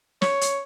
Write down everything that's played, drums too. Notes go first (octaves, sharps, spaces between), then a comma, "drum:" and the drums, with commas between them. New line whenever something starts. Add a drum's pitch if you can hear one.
C#5, drum: snare
drum: hi-hat